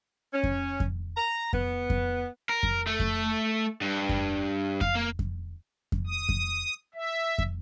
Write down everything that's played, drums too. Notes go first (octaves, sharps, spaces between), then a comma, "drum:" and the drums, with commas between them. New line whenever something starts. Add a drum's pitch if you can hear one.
C#4
drum: kick F2
drum: kick F2
A#5
B3, drum: kick F2
drum: kick F2
A#4
drum: kick F2
A3
drum: kick F2
G2
drum: kick F2
F5, drum: kick F2
A#3
drum: kick F2
drum: kick F2
D#6
drum: kick F2
E5
drum: kick F2